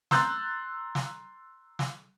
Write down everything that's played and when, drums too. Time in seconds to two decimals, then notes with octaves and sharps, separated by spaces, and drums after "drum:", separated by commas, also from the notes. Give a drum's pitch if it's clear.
0.11 A#5 C6 E6 F#6 G6 A6, drum: snare
0.95 drum: snare
1.79 drum: snare